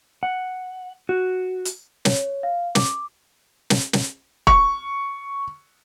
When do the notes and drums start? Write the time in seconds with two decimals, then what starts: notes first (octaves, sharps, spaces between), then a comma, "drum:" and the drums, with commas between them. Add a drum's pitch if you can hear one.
0.23 F#5
1.09 F#4
1.65 drum: hi-hat
2.05 C#5, drum: snare
2.43 F5
2.75 D6, drum: snare
3.70 drum: snare
3.93 drum: snare
4.47 C#6, drum: kick